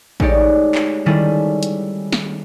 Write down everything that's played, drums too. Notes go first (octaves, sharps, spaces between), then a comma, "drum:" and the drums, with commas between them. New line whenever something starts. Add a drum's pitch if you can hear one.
G#3 A3 D#4 G4 C#5 D5, drum: kick A1
drum: clap
D#3 G3 C#4 E4 G#4 A4
drum: hi-hat
drum: snare